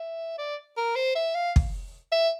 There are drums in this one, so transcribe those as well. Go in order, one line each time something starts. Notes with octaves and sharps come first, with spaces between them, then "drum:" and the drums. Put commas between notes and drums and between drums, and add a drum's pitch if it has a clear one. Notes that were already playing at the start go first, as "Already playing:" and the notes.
Already playing: E5
D5
A#4
C5
E5
F5
drum: kick
E5